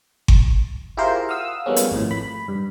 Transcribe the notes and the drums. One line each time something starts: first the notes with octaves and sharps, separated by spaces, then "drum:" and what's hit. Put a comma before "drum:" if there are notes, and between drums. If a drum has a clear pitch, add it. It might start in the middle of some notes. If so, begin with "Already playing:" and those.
drum: kick G1
E4 F4 G4 G#4 A#4 C5
F5 F#5 D#6 E6
F3 G3 G#3 A#3 B3 C#4
drum: hi-hat
G#1 F2 A2
B5
G2